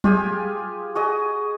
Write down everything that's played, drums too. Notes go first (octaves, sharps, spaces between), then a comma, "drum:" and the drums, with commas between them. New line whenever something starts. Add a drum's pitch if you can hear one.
F4 G4 G#4 G#5, drum: tom F#3
F#4 G#4 D#5